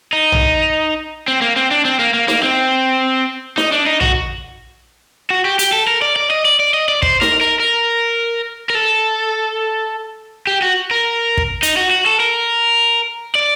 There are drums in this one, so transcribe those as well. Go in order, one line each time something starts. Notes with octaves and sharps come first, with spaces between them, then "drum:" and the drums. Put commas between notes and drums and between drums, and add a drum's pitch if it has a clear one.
D#4
drum: tom
C4
A#3
C4
D4
C4
A#3
A#3
A#3, drum: snare D#4
C4
D#4, drum: snare D#4
D4
D#4
F#4, drum: tom
F#4
G4
G4, drum: hi-hat
A4
A#4
D5
D5
D#5
D5
D5
D#5
D5
C5, drum: kick
A#4, drum: snare D#4
A#4
A#4
A#4
A4
G4
F#4
A#4
drum: kick
D#4, drum: hi-hat
F#4
F#4
A4
A#4
D5